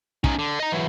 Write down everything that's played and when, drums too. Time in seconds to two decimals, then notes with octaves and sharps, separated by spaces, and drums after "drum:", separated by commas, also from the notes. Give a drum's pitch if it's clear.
0.24 C#4 D#4, drum: kick
0.39 D3
0.60 D#5 A#5
0.72 E3 F#3